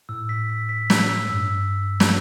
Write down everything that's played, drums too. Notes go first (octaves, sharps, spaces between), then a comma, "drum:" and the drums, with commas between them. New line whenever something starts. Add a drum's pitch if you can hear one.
A2 E6
B6
B6
B6
E6, drum: snare
E6
G2 E6
drum: snare